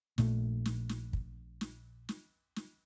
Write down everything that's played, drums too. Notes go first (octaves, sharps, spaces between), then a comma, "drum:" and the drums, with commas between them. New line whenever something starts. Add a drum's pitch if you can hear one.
A#1 A#2 A3, drum: snare
drum: snare
drum: snare
drum: kick
drum: snare
drum: snare
drum: snare